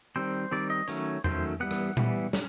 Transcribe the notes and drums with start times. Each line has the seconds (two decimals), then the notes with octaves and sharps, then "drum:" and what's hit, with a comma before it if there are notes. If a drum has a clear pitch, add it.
0.16 D#3 G3 C4 C5
0.51 D#3 G3 C4 D5
0.70 D#5
0.88 D#3 F#3 A3 C#4 C#5, drum: hi-hat
1.24 D#3 F#3 A3 C#4 C5, drum: tom E2
1.60 E3 G3 B3 F#5
1.71 drum: rim click
1.97 E3 G3 B3, drum: tom A#2
2.33 C#4, drum: snare